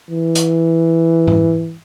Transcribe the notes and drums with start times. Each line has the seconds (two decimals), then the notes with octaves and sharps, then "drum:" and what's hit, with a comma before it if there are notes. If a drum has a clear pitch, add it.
0.11 E3
0.35 drum: hi-hat
1.28 drum: tom G#2